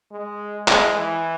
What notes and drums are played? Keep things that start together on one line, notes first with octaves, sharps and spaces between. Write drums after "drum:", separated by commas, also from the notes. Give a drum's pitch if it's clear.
G#3
G#3, drum: clap
E3